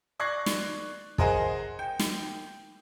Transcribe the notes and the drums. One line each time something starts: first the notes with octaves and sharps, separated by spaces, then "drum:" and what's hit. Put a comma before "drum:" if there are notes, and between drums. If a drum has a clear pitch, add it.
D5 C#6 F#6 G#6 A#6 C7
drum: snare
G#4 A#4 C5 D#5 F#5 G#5, drum: kick
G5
drum: snare